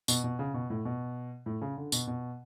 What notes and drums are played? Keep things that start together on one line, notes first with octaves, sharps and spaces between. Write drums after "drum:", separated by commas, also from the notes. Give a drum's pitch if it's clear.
B2, drum: tambourine
B2
C#3
B2
A2
B2
A2
C#3
D3
B2, drum: tambourine
B2